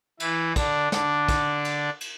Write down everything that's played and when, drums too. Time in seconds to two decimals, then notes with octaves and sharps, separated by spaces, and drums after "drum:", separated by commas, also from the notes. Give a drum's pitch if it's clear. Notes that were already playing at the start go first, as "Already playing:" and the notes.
0.20 E3 E4, drum: cymbal
0.56 D3 D4, drum: kick, cymbal
0.92 D3 D4, drum: snare
1.29 drum: kick, cymbal
1.65 drum: cymbal
2.01 drum: cymbal